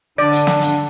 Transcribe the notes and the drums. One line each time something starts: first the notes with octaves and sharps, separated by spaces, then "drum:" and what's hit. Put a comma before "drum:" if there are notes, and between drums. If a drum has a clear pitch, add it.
D3 D4 D5
drum: hi-hat
drum: snare
drum: hi-hat